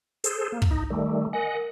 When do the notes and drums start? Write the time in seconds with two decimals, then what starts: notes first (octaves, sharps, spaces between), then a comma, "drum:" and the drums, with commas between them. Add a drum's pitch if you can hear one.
0.24 G#4 A4 C5, drum: hi-hat
0.52 A#3
0.62 drum: kick
0.71 D#4
0.90 D#3 G3 A3
1.33 A#4 D#5 F#5 G#5
1.55 A#4